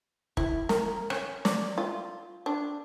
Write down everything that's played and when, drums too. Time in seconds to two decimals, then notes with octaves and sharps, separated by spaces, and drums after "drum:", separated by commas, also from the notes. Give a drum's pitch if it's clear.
0.37 E4, drum: kick
0.69 A#4, drum: snare
1.10 C#4, drum: rim click
1.45 D5, drum: snare
1.78 F4
2.46 D4